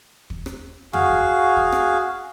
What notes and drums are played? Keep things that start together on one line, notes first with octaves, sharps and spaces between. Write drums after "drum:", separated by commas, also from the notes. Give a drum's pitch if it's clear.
drum: kick
drum: rim click
F#4 G#4 F5, drum: tom
drum: kick
drum: kick
drum: rim click